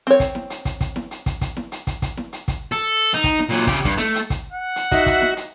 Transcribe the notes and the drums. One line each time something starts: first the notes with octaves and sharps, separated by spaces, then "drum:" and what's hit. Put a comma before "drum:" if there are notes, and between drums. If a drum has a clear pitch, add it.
C4 C#5
drum: kick, hi-hat
drum: snare E4
drum: hi-hat
drum: kick, hi-hat
drum: kick, hi-hat
drum: snare E4
drum: hi-hat
drum: kick, hi-hat
drum: kick, hi-hat
drum: snare E4
drum: hi-hat
drum: kick, hi-hat
drum: kick, hi-hat
drum: snare E4
drum: hi-hat
drum: kick, hi-hat
A4
D#4
drum: kick, hi-hat
drum: snare E4
A#2 F#3
C#3 G4, drum: kick, hi-hat
G2, drum: kick, hi-hat
A3, drum: snare E4
drum: hi-hat
drum: kick, hi-hat
F#5
drum: hi-hat
D#4 F#4 E5, drum: kick, hi-hat
drum: kick, hi-hat
drum: snare E4
drum: hi-hat